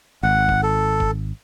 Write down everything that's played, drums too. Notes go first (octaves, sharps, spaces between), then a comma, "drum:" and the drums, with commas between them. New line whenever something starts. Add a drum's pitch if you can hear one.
G#1 F#5
drum: kick F#1
A4
drum: kick F#1